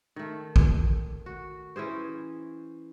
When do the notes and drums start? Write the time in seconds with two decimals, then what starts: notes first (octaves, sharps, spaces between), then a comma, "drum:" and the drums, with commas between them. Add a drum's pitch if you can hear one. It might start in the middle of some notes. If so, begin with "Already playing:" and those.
0.16 D#3 A3
0.56 drum: kick A#1
1.26 F#4
1.76 E3 C#4 G#4 C5